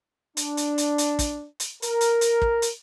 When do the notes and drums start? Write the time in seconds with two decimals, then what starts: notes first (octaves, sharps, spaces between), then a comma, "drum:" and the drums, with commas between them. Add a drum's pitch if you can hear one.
0.37 D4, drum: hi-hat
0.57 drum: hi-hat
0.78 drum: hi-hat
0.98 drum: hi-hat
1.19 drum: kick, hi-hat
1.60 drum: hi-hat
1.82 A#4, drum: hi-hat
2.01 drum: hi-hat
2.21 drum: hi-hat
2.42 drum: kick
2.62 drum: hi-hat